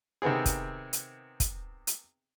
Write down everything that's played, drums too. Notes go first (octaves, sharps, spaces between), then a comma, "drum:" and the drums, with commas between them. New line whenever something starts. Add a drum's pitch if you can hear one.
C3 D#3 B3 C4 G#4
drum: kick, hi-hat
drum: hi-hat
drum: kick, hi-hat
drum: hi-hat